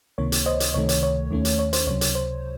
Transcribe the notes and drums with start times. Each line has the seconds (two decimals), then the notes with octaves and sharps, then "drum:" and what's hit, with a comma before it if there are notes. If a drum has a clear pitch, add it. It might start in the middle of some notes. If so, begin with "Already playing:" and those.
0.18 C#2 C3 D#3 A#3 C#5
0.32 drum: hi-hat
0.46 C5 D#5
0.60 drum: hi-hat
0.74 C#2 C3 D#3 A3 C#5
0.89 C#5, drum: hi-hat
1.03 C#5
1.31 D#2 D#3 A3 C#4
1.45 drum: hi-hat
1.59 C#5
1.73 C5, drum: hi-hat
1.87 C#2 C3 F#3 C#5
2.01 C#5, drum: hi-hat
2.15 C5